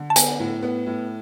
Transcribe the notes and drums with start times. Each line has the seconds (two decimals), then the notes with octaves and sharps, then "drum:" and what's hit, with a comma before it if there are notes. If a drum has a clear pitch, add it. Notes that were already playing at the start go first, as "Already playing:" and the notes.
Already playing: D3
0.10 A5
0.16 B3 G#5, drum: hi-hat
0.39 A2
0.63 B3
0.86 A2